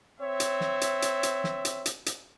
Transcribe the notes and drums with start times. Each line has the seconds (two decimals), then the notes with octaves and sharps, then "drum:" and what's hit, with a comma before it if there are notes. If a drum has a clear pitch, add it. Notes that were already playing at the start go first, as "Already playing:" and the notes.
0.19 C4 C#5 E5
0.40 drum: hi-hat
0.61 drum: snare
0.81 drum: hi-hat
1.02 drum: hi-hat
1.23 drum: hi-hat
1.44 drum: snare
1.65 drum: hi-hat
1.86 drum: hi-hat
2.06 drum: hi-hat